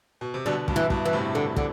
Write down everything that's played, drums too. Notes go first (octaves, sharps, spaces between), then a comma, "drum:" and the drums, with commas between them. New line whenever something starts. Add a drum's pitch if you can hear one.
B2
C3
B2 D3 G3
G2 B2, drum: kick
E3
G2 B2, drum: kick
E3
A2 C3
D3
D3, drum: kick